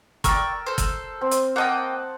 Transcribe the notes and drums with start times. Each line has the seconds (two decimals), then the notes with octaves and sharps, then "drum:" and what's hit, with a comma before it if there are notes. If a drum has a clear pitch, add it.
0.24 A#4 D5 G5 C#6 E6, drum: kick, hi-hat
0.66 A4 C5
0.78 drum: kick, hi-hat
1.21 C4
1.31 drum: hi-hat
1.56 A#3 D#5 F#5 G5 A5